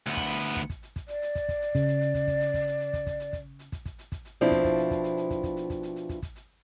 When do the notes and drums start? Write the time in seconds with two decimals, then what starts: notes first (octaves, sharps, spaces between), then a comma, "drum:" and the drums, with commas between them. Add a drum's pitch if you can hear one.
0.07 D2 B3
0.17 drum: kick, hi-hat
0.30 drum: hi-hat
0.43 drum: hi-hat
0.56 drum: kick, hi-hat
0.70 drum: kick, hi-hat
0.83 drum: hi-hat
0.96 drum: kick, hi-hat
1.08 D5, drum: hi-hat
1.22 drum: hi-hat
1.35 drum: kick, hi-hat
1.49 drum: kick, hi-hat
1.62 drum: hi-hat
1.75 C#3, drum: kick, hi-hat
1.88 drum: hi-hat
2.01 drum: hi-hat
2.14 drum: kick, hi-hat
2.28 drum: kick, hi-hat
2.41 drum: hi-hat
2.54 drum: kick, hi-hat
2.67 drum: hi-hat
2.80 drum: hi-hat
2.93 drum: kick, hi-hat
3.07 drum: kick, hi-hat
3.20 drum: hi-hat
3.33 drum: kick, hi-hat
3.59 drum: hi-hat
3.72 drum: kick, hi-hat
3.86 drum: kick, hi-hat
3.99 drum: hi-hat
4.12 drum: kick, hi-hat
4.25 drum: hi-hat
4.41 B2 F3 C4 D4 E4, drum: hi-hat
4.51 drum: kick, hi-hat
4.65 drum: kick, hi-hat
4.78 drum: hi-hat
4.91 drum: kick, hi-hat
5.04 drum: hi-hat
5.17 drum: hi-hat
5.30 drum: kick, hi-hat
5.43 drum: kick, hi-hat
5.57 drum: hi-hat
5.70 drum: kick, hi-hat
5.83 drum: hi-hat
5.96 drum: hi-hat
6.09 drum: kick, hi-hat
6.22 drum: kick, hi-hat
6.36 drum: hi-hat